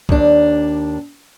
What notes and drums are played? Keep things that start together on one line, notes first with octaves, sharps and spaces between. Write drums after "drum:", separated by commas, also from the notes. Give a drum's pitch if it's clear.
D#2 D4, drum: kick